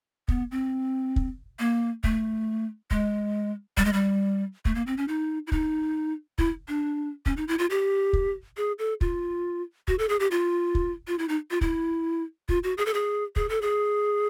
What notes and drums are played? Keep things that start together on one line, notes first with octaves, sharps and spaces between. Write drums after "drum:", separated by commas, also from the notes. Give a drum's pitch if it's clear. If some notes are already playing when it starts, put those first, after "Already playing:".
B3, drum: kick
C4
drum: kick
A#3
A3, drum: kick
G#3, drum: kick
G3, drum: kick
G#3
G3
A3, drum: kick
A#3
C4
C#4
D#4
E4
D#4, drum: kick
E4, drum: kick
D4
C#4, drum: kick
D#4
E4
F4
G4
drum: kick
G#4
A4
F4, drum: kick
F#4, drum: kick
A4
G#4
G4
F4
drum: kick
F4
E4
D#4
F4
E4, drum: kick
F4, drum: kick
F#4
G#4
A4
G#4
G#4, drum: kick
A4
G#4